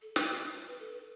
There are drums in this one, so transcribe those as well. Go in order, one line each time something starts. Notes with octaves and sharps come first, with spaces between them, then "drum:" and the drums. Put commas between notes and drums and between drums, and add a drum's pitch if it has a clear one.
A4
B4, drum: snare
G4
B4
A4
B4